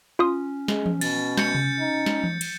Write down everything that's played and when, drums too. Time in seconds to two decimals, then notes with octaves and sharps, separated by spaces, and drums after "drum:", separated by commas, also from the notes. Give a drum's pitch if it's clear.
0.19 C#4 F4 C6 D#6
0.68 G#3, drum: snare
0.86 drum: tom E3
1.01 B2 A6, drum: cymbal
1.38 G6 C#7, drum: snare
1.55 drum: tom C3
1.80 D#4
2.06 drum: snare
2.24 drum: tom E3
2.41 drum: cymbal